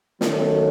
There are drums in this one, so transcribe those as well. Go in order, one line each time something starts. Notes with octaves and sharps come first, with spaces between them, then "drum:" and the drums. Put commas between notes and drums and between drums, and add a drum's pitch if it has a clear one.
D#3 F#3 A3 C#4, drum: snare